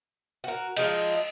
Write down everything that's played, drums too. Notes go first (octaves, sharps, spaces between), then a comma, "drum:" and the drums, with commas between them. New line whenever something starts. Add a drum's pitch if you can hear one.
F#4 A#4
F3 G#3 D#4, drum: cymbal